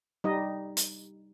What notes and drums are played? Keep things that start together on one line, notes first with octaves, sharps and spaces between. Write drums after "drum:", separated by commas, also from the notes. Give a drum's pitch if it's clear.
G3 D#4 D#5
drum: hi-hat